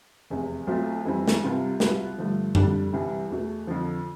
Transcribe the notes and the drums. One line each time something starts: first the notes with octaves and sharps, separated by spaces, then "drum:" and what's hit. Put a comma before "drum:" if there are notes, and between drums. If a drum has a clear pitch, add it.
F1 E2 C3
B1 B2 A3 C4 F4
F2 E3 G3 C4 E4
drum: snare
C2 C3 G3 B3 F4
C2 B2 B3 F4, drum: snare
G2 D3 F3 A3
F2 D3 G3 D4, drum: tom F#2
C2 C3 E3 G3
E2 B2 A3
F2 D3 F3